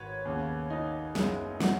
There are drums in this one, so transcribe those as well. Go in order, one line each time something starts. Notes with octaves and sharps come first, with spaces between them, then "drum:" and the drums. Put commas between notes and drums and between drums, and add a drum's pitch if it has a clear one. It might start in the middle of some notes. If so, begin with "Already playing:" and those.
Already playing: G#1 G#2 D#3 F#4 B4 C#5
D#2 C#3 B3
D#4
F#1 F#2 C#3 G#3 B3, drum: snare
F#4, drum: snare